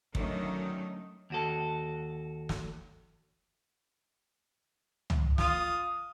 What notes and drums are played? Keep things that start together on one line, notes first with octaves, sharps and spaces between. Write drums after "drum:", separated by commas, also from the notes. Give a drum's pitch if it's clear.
D3 D#3 F#3 A3 C#4 D#4, drum: kick
D#2 F#4 A4
drum: snare
drum: tom C#2
F4 D#6, drum: snare